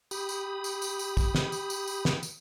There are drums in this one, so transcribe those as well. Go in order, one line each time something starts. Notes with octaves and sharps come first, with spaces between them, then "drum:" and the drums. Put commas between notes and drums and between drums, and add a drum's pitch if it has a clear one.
G4 B5 D#6, drum: tambourine
drum: tambourine
drum: tambourine
drum: tambourine
drum: tambourine
drum: kick, tambourine
drum: snare
drum: tambourine
drum: tambourine
drum: tambourine
drum: snare
drum: tambourine